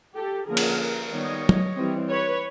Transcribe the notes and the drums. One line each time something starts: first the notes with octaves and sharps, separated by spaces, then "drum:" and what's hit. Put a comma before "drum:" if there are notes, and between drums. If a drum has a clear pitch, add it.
G4 A4
D3 F3 A#3 C#4 G#4 A#4
drum: cymbal
D#3 G3 B3 C#5 D#5
drum: tom
E3 G3 C4
B4 C#5